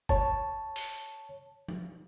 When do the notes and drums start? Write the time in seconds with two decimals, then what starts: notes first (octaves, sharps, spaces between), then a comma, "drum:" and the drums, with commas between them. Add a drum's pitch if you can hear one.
0.09 C#5 A5, drum: kick
0.76 drum: open hi-hat
1.68 drum: tom